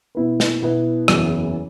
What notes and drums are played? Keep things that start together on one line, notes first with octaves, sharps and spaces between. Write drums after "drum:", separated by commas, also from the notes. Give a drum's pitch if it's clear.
B2 B3 E4 B4
drum: snare
B2 B3 E4 B4
F#1 E2 E3 B3 F#4, drum: rim click